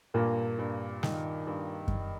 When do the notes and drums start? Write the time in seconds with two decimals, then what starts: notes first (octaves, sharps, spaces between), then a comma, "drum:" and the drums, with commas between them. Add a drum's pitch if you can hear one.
0.14 G2 A#2 A#3
0.58 G2
1.03 D#3, drum: snare
1.47 G2
1.88 drum: kick F#2